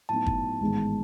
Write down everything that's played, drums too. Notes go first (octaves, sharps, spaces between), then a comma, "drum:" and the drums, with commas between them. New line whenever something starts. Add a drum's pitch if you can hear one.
A2 F#3 B3 D#4 A5
drum: kick
A1 G#2 D#3 G#3 B3